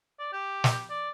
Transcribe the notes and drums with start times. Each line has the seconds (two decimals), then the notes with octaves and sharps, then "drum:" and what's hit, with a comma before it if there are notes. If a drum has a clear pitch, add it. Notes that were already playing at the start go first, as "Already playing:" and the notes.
0.19 D5
0.33 G4
0.64 drum: snare
0.90 D5